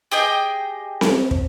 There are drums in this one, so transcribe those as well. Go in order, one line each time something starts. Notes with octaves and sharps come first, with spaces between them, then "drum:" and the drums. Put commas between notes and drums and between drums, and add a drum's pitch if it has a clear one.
G4 G#4 D#5 G5
drum: snare C4
drum: kick